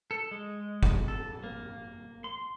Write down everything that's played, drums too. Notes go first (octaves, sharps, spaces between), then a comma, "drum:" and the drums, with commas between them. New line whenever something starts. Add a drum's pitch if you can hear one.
A4
G#3
drum: kick
A4
A#3
C6